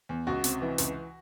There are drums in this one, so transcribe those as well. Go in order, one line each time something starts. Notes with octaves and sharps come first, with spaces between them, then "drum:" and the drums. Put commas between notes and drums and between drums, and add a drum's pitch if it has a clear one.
E2
C#2 F#4
C3, drum: hi-hat
E3
C#2, drum: hi-hat